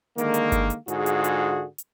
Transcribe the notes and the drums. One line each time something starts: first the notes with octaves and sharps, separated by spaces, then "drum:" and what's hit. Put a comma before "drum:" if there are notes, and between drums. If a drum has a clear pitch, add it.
D3 D#3 G#3 A#3, drum: hi-hat
drum: hi-hat
drum: kick G1, hi-hat
drum: hi-hat
G#2 D3 F4 F#4 G#4, drum: hi-hat
drum: hi-hat
drum: hi-hat
drum: hi-hat